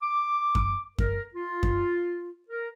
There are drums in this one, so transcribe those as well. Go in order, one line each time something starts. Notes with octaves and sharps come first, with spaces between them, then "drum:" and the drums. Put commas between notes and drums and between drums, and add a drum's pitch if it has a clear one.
D6
drum: kick F#2
A#4, drum: kick F#2
F4
drum: kick F#2
A#4